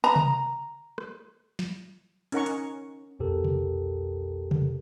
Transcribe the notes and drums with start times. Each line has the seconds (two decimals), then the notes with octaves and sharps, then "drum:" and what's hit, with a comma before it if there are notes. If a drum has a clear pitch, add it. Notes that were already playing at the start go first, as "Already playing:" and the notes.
0.04 A#5
0.16 drum: tom C3
0.98 drum: rim click
1.59 drum: snare
2.32 C#4 D#4 A#4 F#5 A#5 C#6, drum: hi-hat
2.46 drum: hi-hat
3.19 B1 F2 B2 G4 A4 A#4
3.44 drum: tom C3
4.51 drum: tom C3